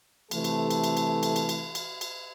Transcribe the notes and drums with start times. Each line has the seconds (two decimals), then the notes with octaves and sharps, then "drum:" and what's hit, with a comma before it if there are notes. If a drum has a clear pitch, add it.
0.31 C3 E3 A3 A4, drum: cymbal
0.44 drum: cymbal
0.71 drum: cymbal
0.84 drum: cymbal
0.97 drum: cymbal
1.23 drum: cymbal
1.36 drum: cymbal
1.49 drum: cymbal
1.75 drum: cymbal
2.01 drum: cymbal